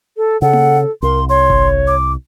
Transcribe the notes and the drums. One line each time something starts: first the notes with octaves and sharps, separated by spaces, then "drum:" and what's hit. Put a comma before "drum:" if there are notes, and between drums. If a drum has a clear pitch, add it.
A4
C#3 A4 F#5
drum: tom A#3
C2 A#4 C6
C#5 C6
drum: kick G1
D6